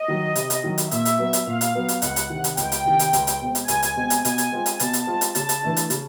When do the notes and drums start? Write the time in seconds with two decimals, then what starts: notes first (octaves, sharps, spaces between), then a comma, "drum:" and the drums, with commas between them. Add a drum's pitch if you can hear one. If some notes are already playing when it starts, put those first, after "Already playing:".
Already playing: D#5
0.08 D#3 F#3
0.35 C3, drum: hi-hat
0.50 drum: hi-hat
0.64 D#3 F#3
0.78 drum: hi-hat
0.91 A#2 E5, drum: hi-hat
1.05 drum: hi-hat
1.19 F#3 B3
1.33 drum: hi-hat
1.47 A#2 F5
1.61 drum: hi-hat
1.75 F#3 B3
1.88 drum: hi-hat
2.02 C#2 F#5, drum: hi-hat
2.16 drum: hi-hat
2.30 C3 D#3
2.44 drum: hi-hat
2.57 C#2 G5, drum: hi-hat
2.72 drum: hi-hat
2.85 C3 D#3
2.99 drum: hi-hat
3.13 C#2, drum: hi-hat
3.27 drum: hi-hat
3.42 B2 G#3 C4
3.55 drum: hi-hat
3.68 C#2 G#5, drum: hi-hat
3.82 drum: hi-hat
3.96 B2 G#3 C4
4.10 drum: hi-hat
4.25 B2 G#5, drum: hi-hat
4.38 drum: hi-hat
4.52 G#3 C4 F4
4.66 drum: hi-hat
4.80 B2 A5, drum: hi-hat
4.93 drum: hi-hat
5.07 G#3 C4 F4
5.21 drum: hi-hat
5.35 C#3 A5, drum: hi-hat
5.49 drum: hi-hat
5.63 E3 A3 D4
5.77 drum: hi-hat
5.90 C#3, drum: hi-hat